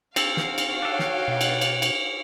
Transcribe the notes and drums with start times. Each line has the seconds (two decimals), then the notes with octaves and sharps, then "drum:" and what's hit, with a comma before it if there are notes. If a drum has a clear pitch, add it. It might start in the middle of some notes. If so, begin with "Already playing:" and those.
0.16 C4 F#4 A4 F5, drum: cymbal
0.37 drum: snare
0.58 drum: cymbal
0.82 D4 A4 C#5 F#5 G5
0.99 drum: snare
1.28 B2
1.41 drum: cymbal
1.61 drum: cymbal
1.82 drum: cymbal